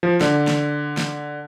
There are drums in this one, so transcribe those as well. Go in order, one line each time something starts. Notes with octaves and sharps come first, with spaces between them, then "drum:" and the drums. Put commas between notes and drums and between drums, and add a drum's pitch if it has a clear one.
F3
D3, drum: snare
drum: snare
drum: snare